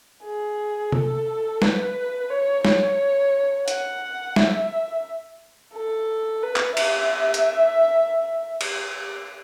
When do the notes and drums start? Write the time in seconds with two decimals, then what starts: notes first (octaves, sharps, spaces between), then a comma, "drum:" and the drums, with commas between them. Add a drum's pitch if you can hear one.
0.24 G#4
0.92 A4, drum: tom C3
1.62 B4, drum: snare
2.30 C#5
2.65 C#5, drum: snare
3.68 F#5, drum: hi-hat
4.36 E5, drum: snare
5.73 A4
6.43 B4
6.56 drum: clap
6.77 E5, drum: cymbal
7.34 drum: hi-hat
8.61 drum: cymbal